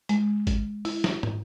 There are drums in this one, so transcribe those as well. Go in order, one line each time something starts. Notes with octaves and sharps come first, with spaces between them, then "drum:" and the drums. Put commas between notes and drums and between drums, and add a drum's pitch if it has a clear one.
G#3, drum: hi-hat
drum: kick G#1, hi-hat
E4, drum: open hi-hat
drum: snare
drum: tom